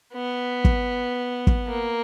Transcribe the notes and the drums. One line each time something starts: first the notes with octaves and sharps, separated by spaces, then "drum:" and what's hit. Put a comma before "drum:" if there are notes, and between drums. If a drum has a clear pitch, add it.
B3
drum: kick
drum: kick
A#3